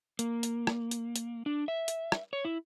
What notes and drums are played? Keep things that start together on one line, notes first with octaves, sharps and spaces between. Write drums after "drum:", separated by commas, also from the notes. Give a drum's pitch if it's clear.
A#3, drum: hi-hat
drum: hi-hat
drum: rim click
drum: hi-hat
drum: hi-hat
D4
E5
drum: hi-hat
drum: rim click
C#5
E4